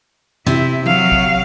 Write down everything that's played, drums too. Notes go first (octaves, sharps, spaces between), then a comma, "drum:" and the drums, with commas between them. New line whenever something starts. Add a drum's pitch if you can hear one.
C3 E4, drum: snare
F#3 F5, drum: tom E3
drum: kick